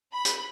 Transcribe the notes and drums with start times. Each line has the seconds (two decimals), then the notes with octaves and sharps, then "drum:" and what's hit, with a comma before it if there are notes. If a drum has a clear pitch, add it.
0.13 B5
0.25 drum: hi-hat